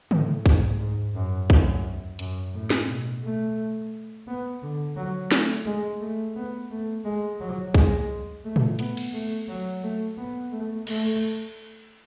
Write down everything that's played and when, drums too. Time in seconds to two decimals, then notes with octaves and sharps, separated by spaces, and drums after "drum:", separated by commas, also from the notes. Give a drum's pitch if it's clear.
0.11 A2, drum: tom
0.46 G#2, drum: kick B1
0.80 G#2
1.15 F#2
1.50 F#2, drum: kick B1
2.19 F#2, drum: hi-hat
2.54 A2
2.70 drum: snare
2.88 B2
3.24 A3
4.27 B3
4.62 D3
4.96 F#3
5.32 A3, drum: snare
5.66 G#3
6.00 A3
6.36 B3
6.71 A3
7.05 G#3
7.40 F#3
7.74 G#3, drum: kick B1
8.44 A3
8.56 drum: tom A2
8.79 B3, drum: hi-hat
8.97 drum: cymbal
9.13 A3
9.48 F#3
9.83 A3
10.17 B3
10.52 A3
10.87 A3, drum: cymbal